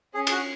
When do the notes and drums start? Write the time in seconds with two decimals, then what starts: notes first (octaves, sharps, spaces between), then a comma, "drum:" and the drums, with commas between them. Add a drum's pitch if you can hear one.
0.14 C#4 G#4
0.27 G#4, drum: cymbal
0.31 F#4